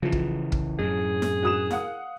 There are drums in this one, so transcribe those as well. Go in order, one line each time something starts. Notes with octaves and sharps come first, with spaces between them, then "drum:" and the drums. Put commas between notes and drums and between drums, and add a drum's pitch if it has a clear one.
C#3 E3 F3
drum: kick
drum: kick
F#2 A2 G#4
drum: snare E4
F#4 D#6 E7
F5 F#5 D#6, drum: snare E4